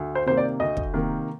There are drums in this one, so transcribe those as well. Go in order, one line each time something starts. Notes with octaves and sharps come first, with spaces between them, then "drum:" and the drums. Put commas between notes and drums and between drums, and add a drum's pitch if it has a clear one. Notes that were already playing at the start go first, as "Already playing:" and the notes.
Already playing: D2
C5
C3 D#3 A#3 C5
D5
D2 D#5
drum: kick
C3 D#3 A#3